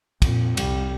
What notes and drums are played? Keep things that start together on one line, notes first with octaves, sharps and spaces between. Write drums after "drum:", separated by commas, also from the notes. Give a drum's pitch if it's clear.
F2 A#2, drum: kick, cymbal
C2 G3, drum: cymbal